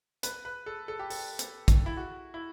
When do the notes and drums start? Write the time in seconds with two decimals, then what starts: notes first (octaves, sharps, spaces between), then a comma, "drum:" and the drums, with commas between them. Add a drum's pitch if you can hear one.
0.23 B4, drum: hi-hat
0.45 B4
0.66 A4
0.88 A4
0.99 G4
1.10 A4, drum: open hi-hat
1.39 drum: hi-hat
1.68 drum: kick, hi-hat
1.86 E4
1.97 F#4
2.34 E4